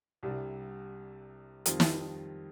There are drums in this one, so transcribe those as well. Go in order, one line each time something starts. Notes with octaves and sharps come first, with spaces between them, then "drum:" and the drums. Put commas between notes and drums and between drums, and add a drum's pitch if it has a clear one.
C2 C3 G3 D4
F2 D#3 G3 C4 F4, drum: hi-hat
drum: snare